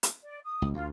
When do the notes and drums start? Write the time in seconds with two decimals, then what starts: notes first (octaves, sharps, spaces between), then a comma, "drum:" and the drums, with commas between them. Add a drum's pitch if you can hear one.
0.03 drum: hi-hat
0.23 D5
0.44 D#6
0.62 C#2
0.74 D2 F4